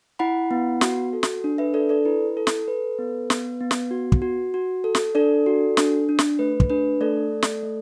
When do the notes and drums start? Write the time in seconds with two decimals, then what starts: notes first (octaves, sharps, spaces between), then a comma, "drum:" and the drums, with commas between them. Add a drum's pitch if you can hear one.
0.19 E4 F#5 B5
0.51 B3
0.81 F#4, drum: snare
1.13 A4
1.23 drum: snare
1.44 D4
1.58 B4 E5
1.74 D4 A4 D5
1.89 A4 D5
2.05 E4 B4
2.37 A4
2.47 drum: snare
2.68 A4 B4
2.99 B3
3.30 B3, drum: snare
3.60 B3
3.71 drum: snare
3.91 F#4
4.12 drum: kick
4.22 F#4
4.54 F#4
4.84 A4
4.95 drum: snare
5.15 D4 A4 D5
5.46 F#4
5.77 D4, drum: snare
6.09 D4
6.19 drum: snare
6.39 A3 B4
6.60 drum: kick
6.70 D4 B4
7.01 A3 A4 D5
7.32 A3
7.42 drum: snare
7.63 A3